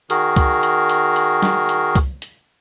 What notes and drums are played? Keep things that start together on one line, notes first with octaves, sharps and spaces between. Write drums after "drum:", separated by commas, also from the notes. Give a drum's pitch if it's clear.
D#3 F#4 G#4 A#4, drum: hi-hat
drum: kick C2, hi-hat
drum: hi-hat
drum: hi-hat
drum: hi-hat
drum: snare
drum: hi-hat
drum: kick C2, hi-hat
drum: hi-hat